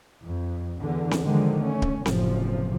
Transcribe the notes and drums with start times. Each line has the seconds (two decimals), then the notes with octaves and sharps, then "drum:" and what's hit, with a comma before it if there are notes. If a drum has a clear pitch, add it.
0.25 F2
0.80 E2 D3
1.11 drum: snare C4
1.24 D3 D#3 F3 G#3
1.62 A3 C#4
1.82 drum: kick D1
2.06 F#1 A2 C3 F3, drum: snare C4